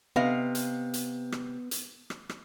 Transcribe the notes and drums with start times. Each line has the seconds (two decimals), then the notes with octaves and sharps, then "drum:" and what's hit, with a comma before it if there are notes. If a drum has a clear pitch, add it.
0.16 C3 B3 D#5 F5
0.55 drum: hi-hat
0.94 drum: hi-hat
1.32 drum: rim click
1.71 drum: hi-hat
2.10 drum: rim click
2.29 drum: rim click